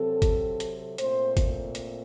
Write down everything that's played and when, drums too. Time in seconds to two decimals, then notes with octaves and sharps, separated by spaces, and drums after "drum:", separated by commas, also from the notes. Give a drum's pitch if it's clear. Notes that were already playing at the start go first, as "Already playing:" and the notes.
Already playing: C3 F#3 C4 A4
0.22 drum: kick G#1, hi-hat
0.60 drum: hi-hat
0.98 A#2 A3 C4 C5, drum: hi-hat
1.37 drum: kick G#1, hi-hat
1.75 drum: hi-hat